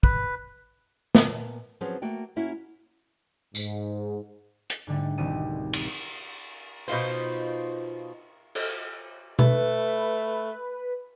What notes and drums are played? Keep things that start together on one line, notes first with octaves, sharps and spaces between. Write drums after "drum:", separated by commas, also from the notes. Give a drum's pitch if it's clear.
B4, drum: kick
A#2 B3 A#4 A5, drum: snare
F3 F#3 C4 C#4 G#4 B4
A3 A#3 F#4 G5
A#3 C#4 E4 F#4
G#2, drum: tambourine
drum: hi-hat
G#2 D3 G3 A3
F1 C2 B2 D#3 C4 D#7
drum: cymbal
B2 D#4 F4 C5, drum: open hi-hat
drum: cymbal
A3 B4, drum: tom B2